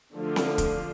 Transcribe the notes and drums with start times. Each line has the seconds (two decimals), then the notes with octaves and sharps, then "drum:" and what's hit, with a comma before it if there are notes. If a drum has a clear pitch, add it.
0.14 D3 F3 A3 D4 F4
0.36 drum: snare C4
0.58 drum: kick, hi-hat